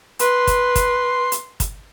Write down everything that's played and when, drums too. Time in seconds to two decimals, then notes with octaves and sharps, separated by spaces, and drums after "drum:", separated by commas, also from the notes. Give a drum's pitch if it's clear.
0.19 B4 C6, drum: hi-hat
0.47 drum: kick, hi-hat
0.76 drum: kick, hi-hat
1.32 drum: hi-hat
1.60 drum: kick, hi-hat